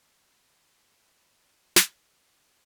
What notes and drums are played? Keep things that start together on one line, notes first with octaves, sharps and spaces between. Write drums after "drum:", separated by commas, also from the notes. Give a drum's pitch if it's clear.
F#3 C5 B5
drum: snare